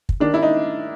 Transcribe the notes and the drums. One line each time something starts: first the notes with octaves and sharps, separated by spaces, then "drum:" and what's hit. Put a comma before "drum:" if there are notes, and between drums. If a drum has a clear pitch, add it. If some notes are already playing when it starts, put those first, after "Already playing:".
drum: kick
D#3 D4
E4
D#4